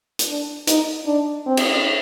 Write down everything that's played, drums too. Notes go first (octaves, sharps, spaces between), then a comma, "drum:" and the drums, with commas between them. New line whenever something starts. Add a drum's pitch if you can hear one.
drum: hi-hat
D4
D#4, drum: hi-hat
D4
C4
drum: cymbal